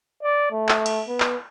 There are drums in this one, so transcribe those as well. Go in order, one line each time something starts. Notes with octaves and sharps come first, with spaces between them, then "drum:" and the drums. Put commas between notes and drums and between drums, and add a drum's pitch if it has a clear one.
D5
A3
drum: clap
drum: cymbal
B3
drum: clap